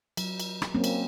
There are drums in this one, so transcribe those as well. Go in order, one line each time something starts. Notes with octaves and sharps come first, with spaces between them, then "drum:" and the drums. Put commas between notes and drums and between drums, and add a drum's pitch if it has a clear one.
F#3, drum: cymbal
drum: cymbal
drum: rim click
F#3 A#3 C4 C#4
drum: cymbal